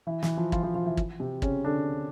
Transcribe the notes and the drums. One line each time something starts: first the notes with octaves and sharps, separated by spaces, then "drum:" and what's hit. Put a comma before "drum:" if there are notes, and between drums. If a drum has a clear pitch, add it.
E3 E4
E3 E4, drum: snare
F3 F4
F3 F4, drum: kick
F3 F4
F3 F4
E3 E4
drum: kick
C3 C4
C#3 C#4, drum: kick
D3 D4